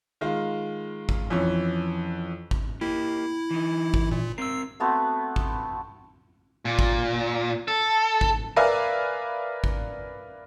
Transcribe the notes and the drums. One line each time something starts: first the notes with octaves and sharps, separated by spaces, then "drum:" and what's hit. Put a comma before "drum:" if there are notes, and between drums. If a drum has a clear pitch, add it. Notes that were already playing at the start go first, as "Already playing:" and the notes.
D#3 G#3 F4
drum: kick
F2 E3 C#4
drum: kick
A#3 E4 G4
E3 D#4
drum: kick
A#2
C4 A#4 E6 C7
A3 B3 C4 F#4
drum: kick
A#2
drum: kick
A4
drum: kick
A#4 B4 D5 E5 F5 G#5
drum: kick